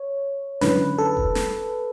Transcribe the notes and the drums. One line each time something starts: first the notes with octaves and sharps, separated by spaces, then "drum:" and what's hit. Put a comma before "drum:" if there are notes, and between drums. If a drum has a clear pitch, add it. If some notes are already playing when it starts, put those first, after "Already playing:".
Already playing: C#5
F#2 D3 F#3 C#4 E4 B4, drum: snare
A4
drum: kick F1
drum: snare